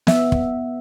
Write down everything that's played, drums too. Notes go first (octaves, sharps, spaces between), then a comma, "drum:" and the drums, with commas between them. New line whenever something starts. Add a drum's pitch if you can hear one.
B3 E5, drum: snare
drum: kick